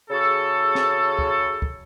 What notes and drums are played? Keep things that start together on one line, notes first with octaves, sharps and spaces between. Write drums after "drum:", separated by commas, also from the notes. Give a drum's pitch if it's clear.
C#3 F#4 G#4 A4
drum: snare
drum: kick
drum: kick